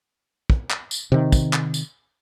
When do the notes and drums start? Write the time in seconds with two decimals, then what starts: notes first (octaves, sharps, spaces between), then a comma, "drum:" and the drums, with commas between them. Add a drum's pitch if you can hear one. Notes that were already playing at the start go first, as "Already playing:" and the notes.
0.50 drum: kick
0.70 drum: clap
0.91 drum: tambourine
1.12 C3 D#3
1.32 drum: kick, tambourine
1.53 drum: clap
1.74 drum: tambourine